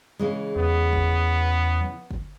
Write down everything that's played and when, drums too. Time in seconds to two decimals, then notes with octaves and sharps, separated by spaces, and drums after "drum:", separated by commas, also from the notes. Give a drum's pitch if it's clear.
0.19 C#3 E3 G#3
0.56 E2 B3
0.93 drum: kick G1
1.81 drum: tom F3
2.11 drum: kick G1